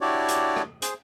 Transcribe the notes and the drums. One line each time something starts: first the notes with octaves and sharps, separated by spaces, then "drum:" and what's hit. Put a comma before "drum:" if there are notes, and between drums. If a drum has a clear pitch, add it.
D4 E4 F#4 G4 C#5 D5
drum: hi-hat
drum: rim click
G#4 C5, drum: hi-hat